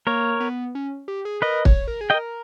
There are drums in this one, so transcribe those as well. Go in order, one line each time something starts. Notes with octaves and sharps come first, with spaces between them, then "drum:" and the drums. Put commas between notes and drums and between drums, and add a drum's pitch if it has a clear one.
A#3 A#4 C#5
B3
C#4
G4
G#4
A#4 B4 D#5
C#5, drum: kick
A#4
G#4
D#5 G5
A#4